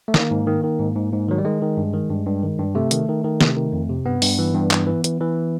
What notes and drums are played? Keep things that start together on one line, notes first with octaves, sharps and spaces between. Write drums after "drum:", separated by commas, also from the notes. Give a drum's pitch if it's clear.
A3
D#3 A#3, drum: snare
G#2
D#3
D#3
G#2
G#2
G#2
D#3 F#3
G3
D#3 G#3
D#3
G2
D#3
G2
G2
D#3
G2
C3 A3
D#3, drum: hi-hat
D#3
D#3
C3, drum: snare
D#3
F2
C3
G2 B3
G2, drum: open hi-hat
E3
G2
E3, drum: clap
E3
E3, drum: hi-hat
E3